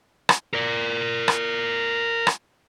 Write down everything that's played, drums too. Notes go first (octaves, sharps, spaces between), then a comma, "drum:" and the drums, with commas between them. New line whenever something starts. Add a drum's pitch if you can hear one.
drum: rim click
A#4 D5
drum: rim click
drum: rim click